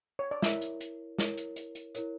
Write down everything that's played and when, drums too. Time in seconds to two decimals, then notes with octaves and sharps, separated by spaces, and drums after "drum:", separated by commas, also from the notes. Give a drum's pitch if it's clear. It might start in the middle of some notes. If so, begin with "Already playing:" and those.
0.19 C#5
0.31 D5
0.42 E4 A#4 C#5 E5, drum: snare
0.61 drum: hi-hat
0.80 drum: hi-hat
1.18 E4 A#4 C#5, drum: snare
1.37 drum: hi-hat
1.56 drum: hi-hat
1.75 drum: hi-hat
1.95 E4 A#4 C#5, drum: hi-hat